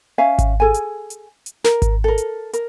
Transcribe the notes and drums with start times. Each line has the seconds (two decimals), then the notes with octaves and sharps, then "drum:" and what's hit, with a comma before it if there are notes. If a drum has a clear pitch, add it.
0.18 C#4 E5 F5 G#5
0.39 drum: kick G#1, hi-hat
0.60 G#4 A4 G#5
0.74 drum: hi-hat
1.10 drum: hi-hat
1.46 drum: hi-hat
1.64 A#4, drum: snare
1.82 drum: kick G#1, hi-hat
2.04 A4 A#4
2.18 drum: hi-hat
2.53 A#4, drum: hi-hat